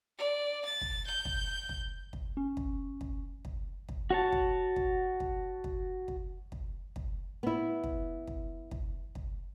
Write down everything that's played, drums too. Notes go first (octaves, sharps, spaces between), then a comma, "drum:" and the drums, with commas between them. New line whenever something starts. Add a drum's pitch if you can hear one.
D5
A6
drum: kick
G6
drum: kick
drum: kick
drum: kick
C#4
drum: kick
drum: kick
drum: kick
drum: kick
F#4 C#5 A5
drum: kick
drum: kick
drum: kick
drum: kick
drum: kick
drum: kick
drum: kick
B3 E4
drum: kick
drum: kick
drum: kick
drum: kick